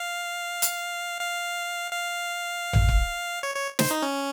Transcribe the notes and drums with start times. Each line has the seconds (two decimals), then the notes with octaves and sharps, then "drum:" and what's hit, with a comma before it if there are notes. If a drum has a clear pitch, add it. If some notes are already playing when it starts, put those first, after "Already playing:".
Already playing: F5
0.62 drum: hi-hat
1.21 F5
1.91 F5
2.73 drum: tom A1
2.89 drum: kick
3.43 C#5
3.55 C#5
3.79 C5, drum: snare
3.91 D#4
4.02 C#4